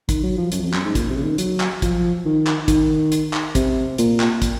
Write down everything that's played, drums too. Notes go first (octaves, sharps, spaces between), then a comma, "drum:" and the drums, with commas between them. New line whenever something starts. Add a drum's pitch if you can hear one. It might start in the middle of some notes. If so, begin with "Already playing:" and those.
D#3, drum: kick, hi-hat
F#3
F3
F#2, drum: hi-hat
F2
F#2, drum: clap
G#2
A#2, drum: kick, hi-hat
C3
C#3
D#3
F#3, drum: hi-hat
drum: clap
F3, drum: kick, hi-hat
D#3
drum: clap
D#3, drum: kick, hi-hat
drum: hi-hat
drum: clap
C3, drum: kick, hi-hat
A#2, drum: hi-hat
drum: clap
drum: kick, hi-hat